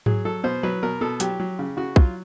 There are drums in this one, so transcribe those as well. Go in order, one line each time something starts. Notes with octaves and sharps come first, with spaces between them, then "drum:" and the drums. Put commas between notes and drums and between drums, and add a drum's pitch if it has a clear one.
F#3 G#4, drum: tom G#2
F#3 A4
B2 C5
F#3 B4
B2 A#4
B2 A4
F#3 G4, drum: hi-hat
F#3
C#3
C#3 F#4
F#3 F4, drum: kick